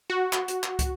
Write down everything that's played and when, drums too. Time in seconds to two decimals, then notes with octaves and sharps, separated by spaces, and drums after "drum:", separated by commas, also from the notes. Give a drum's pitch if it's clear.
0.10 F#4
0.33 drum: clap
0.48 drum: hi-hat
0.64 drum: clap
0.79 drum: kick, hi-hat